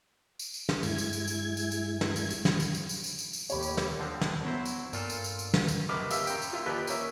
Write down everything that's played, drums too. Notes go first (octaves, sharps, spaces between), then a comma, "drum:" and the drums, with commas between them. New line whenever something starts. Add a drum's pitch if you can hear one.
drum: tambourine
drum: tambourine
drum: snare
G2 G#3 E4 G#6, drum: tambourine
drum: tambourine
drum: tambourine
drum: tambourine
drum: tambourine
drum: tambourine
drum: snare
drum: tambourine
drum: tambourine
drum: snare
drum: tambourine
drum: tambourine
drum: tambourine
drum: tambourine
drum: tambourine
drum: tambourine
D#2 A2 G4 C#5 B5, drum: tambourine
drum: tambourine
drum: snare
D3 F3 C4
drum: snare
F#3 B3 E4 C5
drum: tambourine
G2 A#2 F4 A4, drum: tambourine
drum: tambourine
drum: tambourine
drum: tambourine
drum: snare
drum: tambourine
A#1 C3 D#3 B4 D6 F6
D#2 G4 E5 F5 E6, drum: tambourine
F#2 G5, drum: tambourine
drum: tambourine
A#2 F4 E5
D#2 F3 G4 B4 D5 F#6
A#3 C#4 E5, drum: tambourine